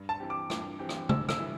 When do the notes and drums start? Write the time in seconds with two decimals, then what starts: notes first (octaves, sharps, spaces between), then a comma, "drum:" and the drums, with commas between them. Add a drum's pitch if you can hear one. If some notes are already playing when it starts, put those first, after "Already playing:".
Already playing: G2
0.09 A5
0.20 E3 C4 G4
0.30 D6
0.50 G2, drum: rim click
0.79 E3 C4 G4
0.89 drum: rim click
1.09 G2 E6, drum: tom C#3
1.29 E6, drum: rim click
1.38 E3 G3 E4